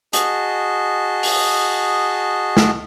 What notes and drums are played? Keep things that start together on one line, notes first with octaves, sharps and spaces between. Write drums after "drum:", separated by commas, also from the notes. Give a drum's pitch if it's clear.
F#4 G#4 D#5 A5, drum: hi-hat
drum: open hi-hat
drum: snare